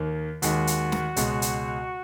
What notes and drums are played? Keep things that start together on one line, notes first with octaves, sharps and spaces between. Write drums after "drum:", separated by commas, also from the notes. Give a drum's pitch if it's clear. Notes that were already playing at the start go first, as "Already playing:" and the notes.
Already playing: D#2 D#3 A#3
D#2 D#3 G#3 F#4, drum: hi-hat
drum: hi-hat
drum: snare
C#2 B2 G#3, drum: hi-hat
drum: hi-hat